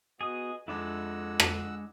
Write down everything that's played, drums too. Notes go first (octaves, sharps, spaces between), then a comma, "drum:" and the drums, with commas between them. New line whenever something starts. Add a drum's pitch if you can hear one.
B3 F#4 G#4 D#5 D#6
F2 G#3 D4 E4 F#5 E6
drum: rim click